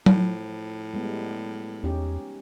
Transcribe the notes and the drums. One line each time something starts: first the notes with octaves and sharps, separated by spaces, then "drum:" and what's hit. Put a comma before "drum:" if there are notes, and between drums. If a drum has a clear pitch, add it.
A2 F3, drum: tom F#3
G3 G#3 B3
E2 C#4 D#4 G4